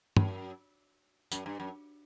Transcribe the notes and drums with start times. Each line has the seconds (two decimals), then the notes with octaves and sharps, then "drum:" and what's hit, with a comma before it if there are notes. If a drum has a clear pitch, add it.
0.17 F#2, drum: tom
1.32 F#2, drum: tambourine
1.46 G2
1.60 F#2